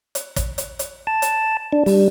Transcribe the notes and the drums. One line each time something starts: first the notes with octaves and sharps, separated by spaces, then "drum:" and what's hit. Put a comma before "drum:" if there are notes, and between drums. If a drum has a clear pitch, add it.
drum: hi-hat
drum: kick, hi-hat
drum: hi-hat
drum: hi-hat
A5
drum: hi-hat
D4
G3, drum: open hi-hat